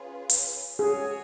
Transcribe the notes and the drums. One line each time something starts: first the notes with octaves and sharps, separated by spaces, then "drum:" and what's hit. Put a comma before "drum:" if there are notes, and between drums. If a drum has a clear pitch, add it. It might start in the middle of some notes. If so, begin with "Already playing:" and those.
Already playing: C#4 F4 G#4 B4
drum: hi-hat
F#4 G#4 C#5 G#5